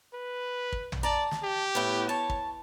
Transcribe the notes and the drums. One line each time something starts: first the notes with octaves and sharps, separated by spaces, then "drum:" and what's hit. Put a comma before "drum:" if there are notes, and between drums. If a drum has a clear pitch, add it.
B4
drum: kick
drum: tom
D5 A5 A#5
drum: snare
G4
A2 B3
C#5 A5
drum: kick